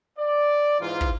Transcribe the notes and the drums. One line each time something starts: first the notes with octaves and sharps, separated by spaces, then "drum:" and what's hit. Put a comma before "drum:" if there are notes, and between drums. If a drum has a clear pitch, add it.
D5
G#2 E3 D#4 F4
drum: kick